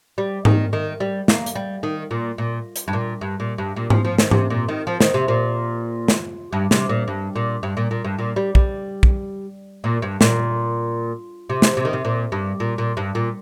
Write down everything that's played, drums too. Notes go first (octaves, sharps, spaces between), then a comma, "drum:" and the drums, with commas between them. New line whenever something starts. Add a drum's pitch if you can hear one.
G3
D#3, drum: tom G#2
D#3
G3
A#3, drum: snare
drum: hi-hat
G3
D#3
A#2
A#2
drum: hi-hat
G2
A#2
G2
A#2
G2
A#2
F3, drum: tom G#2
F3
D#3, drum: snare
C3, drum: tom G#2
A#2
D#3
F3
D#3, drum: snare
C3
A#2
drum: snare
G2
C3, drum: snare
A#2
G2
A#2
G2
A#2
A#2
G2
A#2
G3
G3, drum: kick
drum: kick
A#2
G2
A#2, drum: snare
C3
drum: snare
C3
D#3
C3
A#2
G2
A#2
A#2
G2
A#2